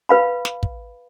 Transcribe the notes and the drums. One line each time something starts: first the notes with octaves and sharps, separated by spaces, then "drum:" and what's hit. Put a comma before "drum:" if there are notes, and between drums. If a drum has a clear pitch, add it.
B4 F5 B5
drum: snare
drum: kick